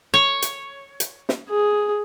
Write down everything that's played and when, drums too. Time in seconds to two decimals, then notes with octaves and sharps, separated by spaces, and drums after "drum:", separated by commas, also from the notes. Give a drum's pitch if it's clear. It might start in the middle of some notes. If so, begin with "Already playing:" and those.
0.14 C#5
0.42 drum: hi-hat
1.00 drum: hi-hat
1.29 drum: snare
1.50 G#4